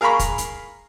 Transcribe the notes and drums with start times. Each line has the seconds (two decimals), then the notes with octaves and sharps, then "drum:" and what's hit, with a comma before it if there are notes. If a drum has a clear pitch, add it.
0.01 G#4 A#4 F5 A#5 B5 C#6
0.19 drum: kick, hi-hat
0.38 drum: hi-hat